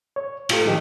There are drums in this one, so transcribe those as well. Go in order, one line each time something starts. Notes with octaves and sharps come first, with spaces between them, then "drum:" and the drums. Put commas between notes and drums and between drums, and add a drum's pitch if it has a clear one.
C#5
A2 F4 G4 A4, drum: cymbal
D#3 E3 F#3 G4 G#4 D#5